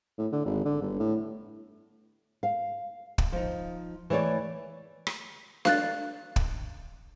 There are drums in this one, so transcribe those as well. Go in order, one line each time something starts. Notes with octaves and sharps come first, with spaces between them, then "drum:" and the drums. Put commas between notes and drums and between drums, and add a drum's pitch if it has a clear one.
A2
D3
G#1
D3
G1
A2
F5
drum: kick
F3 D#4
E3 A3 C#5 D5
drum: rim click
F5 F#6 A6, drum: snare D4
drum: kick